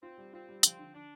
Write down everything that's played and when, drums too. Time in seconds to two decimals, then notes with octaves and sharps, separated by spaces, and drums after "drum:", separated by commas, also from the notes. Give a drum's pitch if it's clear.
0.02 C4 F4
0.18 G3
0.33 C4 F4
0.49 G3
0.63 F3 C4, drum: hi-hat
0.79 D3
0.93 D3 D4